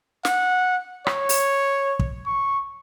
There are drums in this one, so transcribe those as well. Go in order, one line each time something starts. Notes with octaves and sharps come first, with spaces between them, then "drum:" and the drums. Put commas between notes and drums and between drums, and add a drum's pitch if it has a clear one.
F#5, drum: snare
C#5, drum: rim click
drum: open hi-hat
drum: kick
C#6